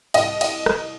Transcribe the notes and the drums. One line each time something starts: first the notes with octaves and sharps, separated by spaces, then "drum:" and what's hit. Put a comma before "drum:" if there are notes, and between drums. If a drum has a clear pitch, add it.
C2 D#5, drum: cymbal
D#5, drum: cymbal
drum: rim click